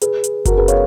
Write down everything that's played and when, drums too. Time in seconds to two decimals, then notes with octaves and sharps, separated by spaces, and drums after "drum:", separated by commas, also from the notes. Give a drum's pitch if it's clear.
0.01 G#4 B4, drum: hi-hat
0.24 drum: hi-hat
0.45 F#4 A#4, drum: kick F#1, hi-hat
0.57 G#4 B4
0.68 C#5 F5, drum: hi-hat